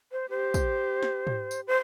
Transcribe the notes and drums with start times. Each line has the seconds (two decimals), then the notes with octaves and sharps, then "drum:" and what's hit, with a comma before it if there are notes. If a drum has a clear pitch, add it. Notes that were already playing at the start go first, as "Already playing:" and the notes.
0.12 C5
0.30 G4 C5
0.54 drum: kick, tambourine
1.03 drum: snare
1.27 drum: tom
1.51 drum: tambourine
1.67 C5